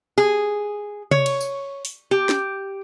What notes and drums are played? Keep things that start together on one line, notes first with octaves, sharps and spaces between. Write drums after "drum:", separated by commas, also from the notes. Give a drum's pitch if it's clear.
G#4
C#5, drum: tom C3
drum: cymbal
drum: tambourine
drum: open hi-hat
G4
drum: snare